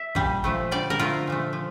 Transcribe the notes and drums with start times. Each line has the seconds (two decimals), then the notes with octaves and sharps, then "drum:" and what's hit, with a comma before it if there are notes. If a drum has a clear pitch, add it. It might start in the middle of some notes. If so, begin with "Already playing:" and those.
Already playing: E5
0.15 A#2 G3, drum: kick
0.44 A#2 F3 A3
0.71 D3 G3 D5
0.90 A#4
0.99 D3 F3 A3 F4
1.27 A#2 F3 A3
1.53 F3